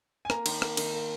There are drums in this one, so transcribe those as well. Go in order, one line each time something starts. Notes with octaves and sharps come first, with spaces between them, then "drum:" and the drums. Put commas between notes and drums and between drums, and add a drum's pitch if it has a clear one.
G#5
A#3 A#5, drum: rim click
D#3, drum: cymbal
A#3, drum: rim click
D#3, drum: cymbal
A#3